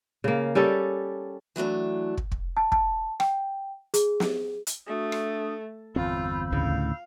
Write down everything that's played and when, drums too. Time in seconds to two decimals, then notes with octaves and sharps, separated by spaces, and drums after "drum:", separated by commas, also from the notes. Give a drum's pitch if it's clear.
0.24 C#3 A#3
0.55 G3 C#4 G4 A4
1.56 E3 F#3 A3 D4
2.17 drum: kick
2.32 drum: kick
2.57 A5
2.72 A5, drum: kick
3.20 G5, drum: rim click
3.94 G#4, drum: hi-hat
4.20 drum: snare
4.67 drum: hi-hat
4.88 A3 D4 F#4 D#6
5.12 drum: rim click
5.96 G1 E2 C4 F4 B5 E6 G6
6.52 D2 A2 C#3 F5